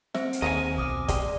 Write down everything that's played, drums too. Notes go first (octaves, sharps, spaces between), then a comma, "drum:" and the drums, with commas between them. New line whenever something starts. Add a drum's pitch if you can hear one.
C4 C5 E5, drum: snare
drum: hi-hat
D#2 C#3 F3 A#3 D#5 G#5
B1 D6 D#6 F6
G#3 G4 D5, drum: kick, hi-hat